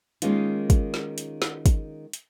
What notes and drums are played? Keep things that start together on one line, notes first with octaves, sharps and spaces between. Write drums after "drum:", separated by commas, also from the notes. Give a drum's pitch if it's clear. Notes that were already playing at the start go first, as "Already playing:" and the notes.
D#3 G#3 A#3 C#4 D#4 F4, drum: hi-hat
drum: kick, hi-hat
drum: snare
drum: hi-hat
drum: snare
drum: kick, hi-hat
drum: hi-hat